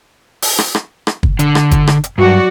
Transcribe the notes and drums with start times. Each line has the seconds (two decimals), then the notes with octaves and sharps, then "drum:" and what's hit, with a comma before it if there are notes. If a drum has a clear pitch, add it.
0.42 drum: open hi-hat
0.58 drum: rim click
0.75 drum: rim click
1.07 drum: rim click
1.23 drum: kick
1.39 D3, drum: hi-hat
1.55 drum: rim click
1.71 drum: kick, hi-hat
1.87 drum: rim click
2.04 drum: hi-hat
2.18 G2 F#3 F#4 D5